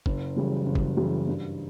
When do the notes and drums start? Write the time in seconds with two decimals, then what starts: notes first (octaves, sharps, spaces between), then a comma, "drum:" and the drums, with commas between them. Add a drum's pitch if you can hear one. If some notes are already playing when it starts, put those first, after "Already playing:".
0.06 F#1, drum: kick
0.36 F#2 C#3 E3 G3
0.66 F#1
0.75 drum: kick
0.97 F#2 C#3 E3 G3
1.27 G2